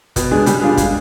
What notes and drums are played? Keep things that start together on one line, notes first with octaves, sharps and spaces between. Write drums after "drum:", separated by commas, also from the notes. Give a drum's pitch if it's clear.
B2, drum: kick, hi-hat
G#3 D4 G#4
G3, drum: hi-hat
D4 F4 G#4
G#3, drum: kick, hi-hat